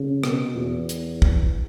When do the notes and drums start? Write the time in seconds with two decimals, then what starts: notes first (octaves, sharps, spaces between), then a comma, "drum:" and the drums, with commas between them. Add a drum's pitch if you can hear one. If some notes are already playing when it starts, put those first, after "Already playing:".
Already playing: C#3
0.24 B2, drum: rim click
0.56 E2
0.89 drum: hi-hat
1.22 drum: kick